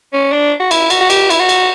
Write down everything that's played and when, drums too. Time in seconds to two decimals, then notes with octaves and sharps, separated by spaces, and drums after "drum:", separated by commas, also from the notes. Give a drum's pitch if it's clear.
0.13 C#4
0.32 D4
0.60 F#4
0.71 E4, drum: cymbal
0.90 F#4, drum: cymbal
1.01 F#4
1.10 G4, drum: cymbal
1.30 E4, drum: cymbal
1.39 F#4
1.49 drum: cymbal